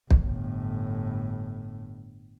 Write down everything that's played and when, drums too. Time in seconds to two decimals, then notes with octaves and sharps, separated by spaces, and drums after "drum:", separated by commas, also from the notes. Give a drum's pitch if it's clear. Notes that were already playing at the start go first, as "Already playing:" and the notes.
0.11 G1 A2, drum: kick